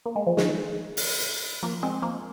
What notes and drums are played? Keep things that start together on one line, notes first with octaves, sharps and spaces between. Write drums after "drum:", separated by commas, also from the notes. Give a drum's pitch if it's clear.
A#3
G#3
F3
D#3 G#3, drum: snare
drum: open hi-hat
drum: hi-hat
F3 A#3
G#3 C4
F3 A#3